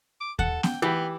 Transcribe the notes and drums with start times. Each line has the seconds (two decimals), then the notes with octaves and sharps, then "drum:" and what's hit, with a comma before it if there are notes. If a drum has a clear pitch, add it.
0.21 D6
0.39 A4 F#5, drum: kick D#2
0.63 G5, drum: snare B3
0.82 E3 B3 G4